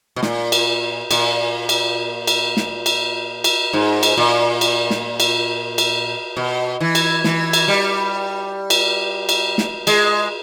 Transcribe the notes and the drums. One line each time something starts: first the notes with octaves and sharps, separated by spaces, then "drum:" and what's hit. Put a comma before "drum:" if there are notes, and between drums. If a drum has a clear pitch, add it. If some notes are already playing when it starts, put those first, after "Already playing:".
B2
A#2, drum: snare
drum: cymbal
A#2, drum: cymbal
drum: cymbal
drum: cymbal
drum: snare
drum: cymbal
drum: cymbal
G#2
drum: cymbal
A#2
drum: cymbal
drum: snare
drum: cymbal
drum: cymbal
B2
E3
drum: cymbal
E3, drum: snare
drum: cymbal
G3
drum: cymbal
drum: cymbal
drum: snare
G#3, drum: cymbal